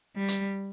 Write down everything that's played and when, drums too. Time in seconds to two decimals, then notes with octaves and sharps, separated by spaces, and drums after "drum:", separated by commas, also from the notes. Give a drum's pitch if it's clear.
0.16 G3
0.28 drum: hi-hat